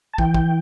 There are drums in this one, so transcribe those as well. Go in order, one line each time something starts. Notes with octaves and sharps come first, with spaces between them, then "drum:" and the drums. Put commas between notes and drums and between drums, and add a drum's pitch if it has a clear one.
A5
E3 G5, drum: kick
drum: kick